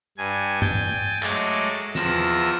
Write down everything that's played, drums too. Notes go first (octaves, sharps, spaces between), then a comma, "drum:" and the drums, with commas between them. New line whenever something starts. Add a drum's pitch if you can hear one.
G2 G#5
G5 G#5 G6 A6, drum: tom
F#3 G#3 A3 D6, drum: clap
E2 F3 E6 A#6, drum: snare